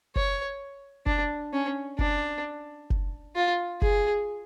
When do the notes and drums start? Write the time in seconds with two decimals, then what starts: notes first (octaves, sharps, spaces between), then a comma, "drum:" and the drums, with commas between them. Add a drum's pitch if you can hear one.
0.16 C#5, drum: kick F#1
1.06 D4, drum: kick F#1
1.53 C#4
1.99 D4, drum: kick F#1
2.90 drum: kick F#1
3.36 F4
3.82 G#4, drum: kick F#1